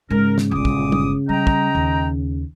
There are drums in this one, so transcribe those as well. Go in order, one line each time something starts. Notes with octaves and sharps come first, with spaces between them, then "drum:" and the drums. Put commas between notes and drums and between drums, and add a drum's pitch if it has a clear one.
G#2 C#3 A#4
drum: snare
G1 A#2 G#3 D6 D#6
drum: kick
drum: tom
G3 D#5 G5 A#5
drum: kick
D#2